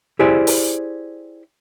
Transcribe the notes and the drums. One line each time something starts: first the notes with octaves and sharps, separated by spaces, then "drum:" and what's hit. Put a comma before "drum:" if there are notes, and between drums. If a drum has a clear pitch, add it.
E4 G4 G#4 C5 D5
drum: open hi-hat